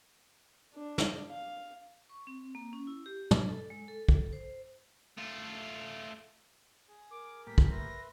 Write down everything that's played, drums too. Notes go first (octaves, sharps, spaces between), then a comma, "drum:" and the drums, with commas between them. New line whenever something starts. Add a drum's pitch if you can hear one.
D4
drum: snare
F5
C#6
C4
A#3
C#4
E4
G4
D4, drum: tom
A4
G#3
A4
drum: kick
C5
A3 F4
G#4
A#4 D6
A2 G3 A#3 B6
drum: kick
B4 E5 C6 A#6